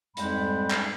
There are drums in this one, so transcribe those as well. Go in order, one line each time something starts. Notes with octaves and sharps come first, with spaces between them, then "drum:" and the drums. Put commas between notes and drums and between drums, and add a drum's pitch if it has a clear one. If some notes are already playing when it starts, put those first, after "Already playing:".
F2 G#2 G3 G#3 G5 B5, drum: hi-hat
drum: clap